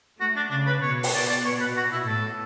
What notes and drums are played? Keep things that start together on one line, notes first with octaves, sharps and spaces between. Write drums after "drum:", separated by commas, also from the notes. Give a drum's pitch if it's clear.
A3 F#4
D4
C#3 D4
B4
B2 C#5
drum: open hi-hat
B2 D5
D5
C#5
B4
F#4
E4
A2 A4